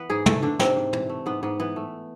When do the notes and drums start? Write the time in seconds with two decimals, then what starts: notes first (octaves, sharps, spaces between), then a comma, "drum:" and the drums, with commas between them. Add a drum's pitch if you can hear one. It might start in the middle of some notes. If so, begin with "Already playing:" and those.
Already playing: E3 B3 B4
0.10 G#2 G#3 G#4
0.26 E3 A3 A4, drum: tom
0.43 D3 A3 D4
0.59 G#2 C3 C4, drum: snare
0.76 G#2
0.93 E3, drum: tom
1.09 A3
1.26 G#2 B3
1.43 G#2 B3
1.59 E3 B3
1.76 A3